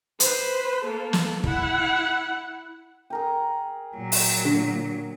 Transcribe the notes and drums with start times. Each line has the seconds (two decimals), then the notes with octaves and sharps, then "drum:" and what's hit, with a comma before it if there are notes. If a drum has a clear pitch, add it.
0.20 B4 C5, drum: hi-hat
0.84 A#3 A4
1.13 drum: snare
1.44 E4 F#5, drum: kick
3.10 G#4 A#4 G5
3.96 A#2 F#3
4.12 drum: open hi-hat
4.45 D3